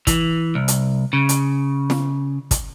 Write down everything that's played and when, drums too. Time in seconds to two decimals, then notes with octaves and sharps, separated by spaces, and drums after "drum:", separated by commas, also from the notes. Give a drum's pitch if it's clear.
0.07 E3, drum: kick, hi-hat
0.55 C2
0.68 drum: hi-hat
1.13 C#3
1.29 drum: hi-hat
1.90 drum: snare
2.51 drum: kick, hi-hat